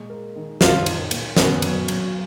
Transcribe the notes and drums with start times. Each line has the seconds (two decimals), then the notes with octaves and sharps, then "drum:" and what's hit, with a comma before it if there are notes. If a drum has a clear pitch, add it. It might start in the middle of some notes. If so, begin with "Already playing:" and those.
Already playing: A#2 G#3
0.10 A#4
0.36 D#3
0.61 F3 F4, drum: snare
0.86 D#4, drum: cymbal
1.11 A#2, drum: cymbal
1.36 B3 C#4, drum: snare
1.62 F#3, drum: cymbal
1.88 F#3, drum: cymbal